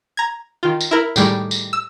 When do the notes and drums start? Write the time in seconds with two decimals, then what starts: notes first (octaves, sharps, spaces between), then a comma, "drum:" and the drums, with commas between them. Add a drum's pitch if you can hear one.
0.17 A#5 G#6
0.63 D#3 F4
0.81 drum: tambourine
0.91 E4 A#4
1.16 A2 D#3 G3 G#3, drum: tambourine
1.51 drum: tambourine
1.73 E6